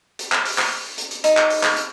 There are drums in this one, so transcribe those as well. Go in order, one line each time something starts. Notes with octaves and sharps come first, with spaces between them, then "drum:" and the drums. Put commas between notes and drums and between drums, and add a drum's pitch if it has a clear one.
drum: hi-hat
drum: clap
drum: open hi-hat
drum: clap
drum: hi-hat
drum: hi-hat
D#4, drum: hi-hat
drum: clap
drum: open hi-hat
drum: clap
drum: hi-hat